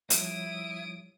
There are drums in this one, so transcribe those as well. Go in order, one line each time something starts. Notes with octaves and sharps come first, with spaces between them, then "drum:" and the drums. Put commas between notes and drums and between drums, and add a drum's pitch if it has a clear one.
F3 G3 E4 C#5 D#6 D7, drum: hi-hat